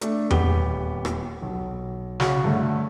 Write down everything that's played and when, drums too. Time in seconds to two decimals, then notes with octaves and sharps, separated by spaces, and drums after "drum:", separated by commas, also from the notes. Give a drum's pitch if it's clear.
0.01 A3 D4, drum: hi-hat
0.31 D#1 B3 G4 G7, drum: tom E2
1.05 drum: rim click
1.42 B1
2.20 C#3 F#4, drum: snare
2.44 G2 D3 A3